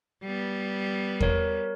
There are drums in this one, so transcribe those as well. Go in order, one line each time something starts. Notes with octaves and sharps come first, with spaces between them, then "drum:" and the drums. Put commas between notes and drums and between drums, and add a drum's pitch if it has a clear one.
G3 B3
A#4 C#5, drum: kick E2